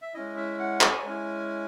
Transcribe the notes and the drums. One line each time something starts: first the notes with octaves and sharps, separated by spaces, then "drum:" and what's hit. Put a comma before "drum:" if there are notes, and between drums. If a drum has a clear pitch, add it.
E5
G#3 C#4 E4 D#5
E5
F#5
G#5, drum: clap
G#3 C#4 E4